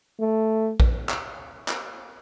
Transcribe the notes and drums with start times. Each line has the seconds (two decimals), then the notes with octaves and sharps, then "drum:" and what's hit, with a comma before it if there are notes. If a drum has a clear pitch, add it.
0.20 A3
0.80 drum: kick A#1
1.09 drum: clap
1.68 drum: clap